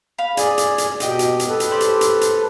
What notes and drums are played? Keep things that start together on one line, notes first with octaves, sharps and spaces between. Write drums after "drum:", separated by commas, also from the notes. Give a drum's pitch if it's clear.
F5 B5
G#4 D5 G#5, drum: hi-hat
drum: hi-hat
drum: hi-hat
B2 G4 D#5 G5, drum: hi-hat
drum: hi-hat
drum: hi-hat
A4 B4
drum: hi-hat
G4 C5 D5
drum: hi-hat
drum: hi-hat
drum: hi-hat